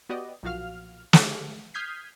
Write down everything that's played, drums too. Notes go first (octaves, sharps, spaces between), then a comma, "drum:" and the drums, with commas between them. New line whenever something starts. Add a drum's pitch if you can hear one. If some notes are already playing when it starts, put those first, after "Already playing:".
B3 F#4 G4 D5 D#5
B1 A#2 F3 F#4 F5 F6
G4 A4, drum: snare
D#6 F6 G6 G#6 B6 C7